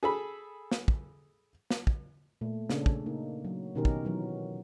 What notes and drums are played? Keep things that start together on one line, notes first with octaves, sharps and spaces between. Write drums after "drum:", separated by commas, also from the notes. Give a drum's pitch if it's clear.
G#4 A4 B5
drum: snare
drum: kick
drum: snare
drum: kick
A#2 A3
C#3 C#4 D4 A4, drum: snare
drum: kick
A#3 D#4
F#3
B2 D#3 C#4 D#4 G4 A#4
drum: kick
E3 F#3